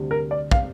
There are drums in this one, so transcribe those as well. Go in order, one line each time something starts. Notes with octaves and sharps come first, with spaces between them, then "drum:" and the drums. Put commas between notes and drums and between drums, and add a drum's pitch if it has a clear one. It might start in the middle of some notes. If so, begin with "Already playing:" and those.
Already playing: D2 C3 G3
A#4
D5
C3 G3 F5, drum: kick